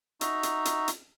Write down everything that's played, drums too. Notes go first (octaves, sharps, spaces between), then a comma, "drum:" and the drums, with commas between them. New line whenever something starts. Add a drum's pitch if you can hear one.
D#4 F#4 E5 A#5, drum: hi-hat
drum: hi-hat
drum: hi-hat
drum: hi-hat